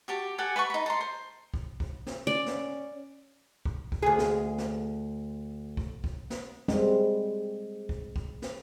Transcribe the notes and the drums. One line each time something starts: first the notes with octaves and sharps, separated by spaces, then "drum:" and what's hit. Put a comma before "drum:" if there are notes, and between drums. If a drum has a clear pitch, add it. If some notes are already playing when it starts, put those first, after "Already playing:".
F#4 G4 A5
G4 A4 F#5 G#5
B4 F#5 A5 C#6
D#4 B5
A4 A#5 C6
C5
drum: kick
drum: kick
drum: snare
C#4 D5
drum: snare
drum: kick
drum: kick
D2 G#4
drum: snare
drum: snare
drum: kick
drum: kick
drum: snare
G3 G#3 C4, drum: snare
drum: kick
drum: kick
drum: snare